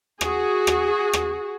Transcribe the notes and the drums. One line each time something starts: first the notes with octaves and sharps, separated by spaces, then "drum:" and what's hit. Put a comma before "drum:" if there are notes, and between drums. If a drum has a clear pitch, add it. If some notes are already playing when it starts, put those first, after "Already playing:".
F#4 G#4, drum: rim click
drum: rim click
drum: rim click